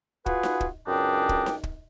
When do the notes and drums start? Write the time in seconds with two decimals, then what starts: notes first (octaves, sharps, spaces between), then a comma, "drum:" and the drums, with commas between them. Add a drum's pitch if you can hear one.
0.26 F4 F#4 G#4 B4, drum: kick
0.43 drum: snare D#4
0.60 drum: kick
0.88 C#2 F#2 D4 D#4 G5
1.29 drum: kick
1.46 drum: snare D#4
1.63 drum: kick